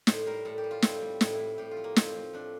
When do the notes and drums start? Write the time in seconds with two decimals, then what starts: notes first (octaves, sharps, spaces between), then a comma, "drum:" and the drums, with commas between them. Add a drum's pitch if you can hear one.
0.07 A2 C5, drum: snare
0.26 G3 A#4
0.45 A2 A4
0.58 G4
0.64 G3
0.71 F4
0.82 A2 C4, drum: snare
1.01 G3
1.21 A2, drum: snare
1.34 E4
1.40 G3
1.58 A2 G4
1.71 F4
1.77 F3
1.84 A#3
1.96 A2 C4, drum: snare
2.15 F3
2.33 A2 D4